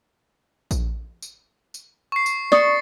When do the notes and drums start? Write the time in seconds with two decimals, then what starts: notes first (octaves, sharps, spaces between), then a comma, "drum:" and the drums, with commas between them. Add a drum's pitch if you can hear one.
0.71 drum: kick A#1, tambourine
1.22 drum: tambourine
1.74 drum: tambourine
2.12 C#6 C7
2.26 drum: tambourine
2.52 D5 C#6 D#6 A6 C#7, drum: snare